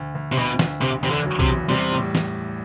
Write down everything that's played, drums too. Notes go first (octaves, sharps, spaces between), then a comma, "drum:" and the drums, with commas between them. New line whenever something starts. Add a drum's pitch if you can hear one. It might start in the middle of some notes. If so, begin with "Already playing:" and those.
Already playing: D2
D2
C3
D2 B2
D2, drum: snare
F#1 C3
E2 C3
D3
F#3
C3, drum: kick B1
E2
C3 G3
A2
drum: snare